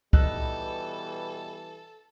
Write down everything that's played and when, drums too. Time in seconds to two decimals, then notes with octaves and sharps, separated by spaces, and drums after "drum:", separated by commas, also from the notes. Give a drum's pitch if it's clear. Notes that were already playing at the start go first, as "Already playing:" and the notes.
0.13 B2 E3 G3 D#4 A4 E6 F#6, drum: kick